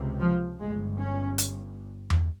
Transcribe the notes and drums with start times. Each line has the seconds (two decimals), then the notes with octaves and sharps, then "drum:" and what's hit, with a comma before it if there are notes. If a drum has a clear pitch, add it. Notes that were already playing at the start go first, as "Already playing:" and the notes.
Already playing: C#2 C3
0.19 F3
0.59 G1 G2 G#3
0.98 C#4
1.38 drum: hi-hat
2.10 drum: tom E2